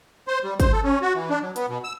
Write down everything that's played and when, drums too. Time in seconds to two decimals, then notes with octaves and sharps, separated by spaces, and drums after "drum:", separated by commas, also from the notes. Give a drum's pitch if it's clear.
0.28 C5
0.44 G3
0.60 C5, drum: kick, hi-hat
0.72 A4
0.84 C#4
1.02 F#4
1.15 E3
1.30 D4
1.42 F#3
1.56 B3, drum: hi-hat
1.69 B2
1.84 E6